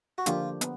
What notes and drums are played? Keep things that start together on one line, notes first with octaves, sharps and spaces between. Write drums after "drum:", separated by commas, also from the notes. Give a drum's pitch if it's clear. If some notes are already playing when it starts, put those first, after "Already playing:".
F#4
D3 F3 A#3 D4 F4 G4, drum: hi-hat
B3, drum: hi-hat